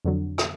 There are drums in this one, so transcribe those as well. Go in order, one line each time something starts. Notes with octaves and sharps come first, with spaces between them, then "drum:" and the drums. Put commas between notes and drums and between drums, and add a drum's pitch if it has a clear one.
F2 D3 F#3
drum: rim click